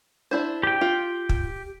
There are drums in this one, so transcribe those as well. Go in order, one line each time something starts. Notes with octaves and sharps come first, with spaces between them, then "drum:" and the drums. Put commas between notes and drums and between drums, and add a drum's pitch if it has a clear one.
D4 E4 C5
G4 G5
F4
drum: kick